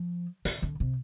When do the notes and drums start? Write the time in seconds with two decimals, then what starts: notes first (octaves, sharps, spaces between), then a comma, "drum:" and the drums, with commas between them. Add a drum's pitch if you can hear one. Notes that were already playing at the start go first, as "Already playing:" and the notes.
Already playing: F3
0.45 D3, drum: hi-hat
0.62 D3
0.80 C3